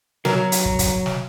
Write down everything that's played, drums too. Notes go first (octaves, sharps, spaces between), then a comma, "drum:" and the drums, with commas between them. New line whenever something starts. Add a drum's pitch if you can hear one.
F#3 A#4, drum: snare
drum: hi-hat
drum: kick
drum: kick, hi-hat
drum: snare